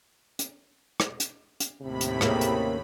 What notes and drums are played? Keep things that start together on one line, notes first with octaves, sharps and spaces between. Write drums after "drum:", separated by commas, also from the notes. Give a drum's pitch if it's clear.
drum: hi-hat
drum: rim click
drum: hi-hat
drum: hi-hat
D#2 A2 C3 B5
drum: hi-hat
C#3 A#3 C4, drum: rim click
drum: hi-hat